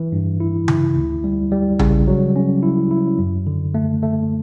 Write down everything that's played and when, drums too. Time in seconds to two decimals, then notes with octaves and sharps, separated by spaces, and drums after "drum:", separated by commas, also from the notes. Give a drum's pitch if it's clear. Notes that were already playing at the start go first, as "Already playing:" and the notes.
Already playing: E3
0.12 G2
0.40 E4
0.68 E4, drum: tom C#3
0.96 D2
1.24 G3
1.52 G3
1.79 C#3, drum: tom A#1
2.07 F#3
2.36 C#4
2.63 E4
2.91 E4
3.19 F#2
3.47 D3
3.74 A3
4.03 A3